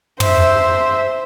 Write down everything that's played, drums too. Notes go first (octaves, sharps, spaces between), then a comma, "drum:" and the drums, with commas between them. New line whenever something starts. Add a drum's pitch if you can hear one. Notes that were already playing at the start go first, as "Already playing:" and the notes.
C5 E5, drum: tom